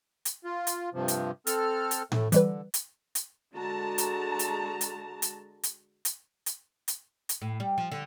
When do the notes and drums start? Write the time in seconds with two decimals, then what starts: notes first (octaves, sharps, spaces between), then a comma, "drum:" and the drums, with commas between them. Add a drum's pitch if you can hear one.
0.25 drum: hi-hat
0.45 F4
0.67 drum: hi-hat
0.94 G2 C3 F3
1.08 drum: hi-hat
1.47 C4 A4 F6, drum: hi-hat
1.91 drum: hi-hat
2.12 A2 A3, drum: tom A2
2.32 D3 E3 G3 B4, drum: hi-hat
2.74 drum: hi-hat
3.15 drum: hi-hat
3.56 D3 G#3 F#4 A5 A#5
3.98 drum: hi-hat
4.39 drum: hi-hat
4.81 drum: hi-hat
5.22 drum: hi-hat
5.63 drum: hi-hat
6.05 drum: hi-hat
6.46 drum: hi-hat
6.88 drum: hi-hat
7.29 drum: hi-hat
7.42 A2
7.60 G3
7.78 F3
7.92 D3